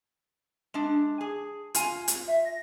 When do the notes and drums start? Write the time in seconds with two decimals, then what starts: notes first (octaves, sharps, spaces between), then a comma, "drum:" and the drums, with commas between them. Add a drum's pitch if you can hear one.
0.74 G#3 D4
1.21 G#4
1.74 F4 G#5, drum: hi-hat
2.08 drum: hi-hat
2.28 E5
2.45 A#6